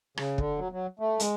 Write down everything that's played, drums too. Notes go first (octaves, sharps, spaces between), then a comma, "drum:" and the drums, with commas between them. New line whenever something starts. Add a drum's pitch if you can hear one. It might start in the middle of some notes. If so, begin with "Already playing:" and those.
C#3, drum: rim click
D3, drum: kick
F#3
F#3
A3
G#3, drum: hi-hat